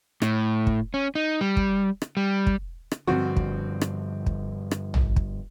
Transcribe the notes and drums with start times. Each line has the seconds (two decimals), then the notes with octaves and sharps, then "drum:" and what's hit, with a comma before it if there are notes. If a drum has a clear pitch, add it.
0.22 A2, drum: rim click
0.67 drum: kick
0.94 C#4
1.15 D#4
1.41 G3
1.57 drum: kick
2.02 drum: rim click
2.17 G3
2.47 drum: kick
2.91 drum: rim click
3.07 G2 D3 F3 C4 F#4
3.36 drum: kick
3.81 drum: rim click
4.26 drum: kick
4.71 drum: rim click
4.94 drum: tom A1
5.16 drum: kick